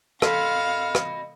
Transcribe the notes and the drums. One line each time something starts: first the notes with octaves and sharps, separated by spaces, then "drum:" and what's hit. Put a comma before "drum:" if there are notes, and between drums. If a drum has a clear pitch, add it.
A4 D#5 F5 B5 C6 F6 B6, drum: rim click
drum: rim click